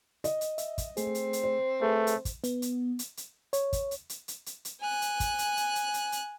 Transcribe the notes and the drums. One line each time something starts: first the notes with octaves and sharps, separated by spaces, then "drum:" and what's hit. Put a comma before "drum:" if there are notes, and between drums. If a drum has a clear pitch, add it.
D#5, drum: hi-hat
drum: hi-hat
E5, drum: hi-hat
drum: kick, hi-hat
A3 C4 G#4, drum: hi-hat
drum: hi-hat
drum: hi-hat
C5
A3 G#4 B4
drum: hi-hat
drum: kick, hi-hat
B3, drum: hi-hat
drum: hi-hat
drum: hi-hat
drum: hi-hat
C#5, drum: hi-hat
drum: kick, hi-hat
drum: hi-hat
drum: hi-hat
drum: hi-hat
drum: hi-hat
drum: hi-hat
G#5 F#6
drum: hi-hat
drum: kick, hi-hat
drum: hi-hat
drum: hi-hat
drum: hi-hat
drum: hi-hat
drum: hi-hat